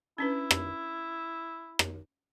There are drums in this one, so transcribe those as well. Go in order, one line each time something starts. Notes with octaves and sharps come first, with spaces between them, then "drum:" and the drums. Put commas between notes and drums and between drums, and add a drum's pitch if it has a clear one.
C#4 D4 E4 B4
drum: rim click
drum: rim click